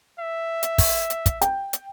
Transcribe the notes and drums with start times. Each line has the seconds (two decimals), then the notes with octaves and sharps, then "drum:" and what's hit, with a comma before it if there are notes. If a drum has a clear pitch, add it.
0.19 E5
0.63 drum: hi-hat
0.78 drum: kick, open hi-hat
1.10 drum: hi-hat
1.26 drum: kick, hi-hat
1.41 G5, drum: hi-hat
1.73 drum: hi-hat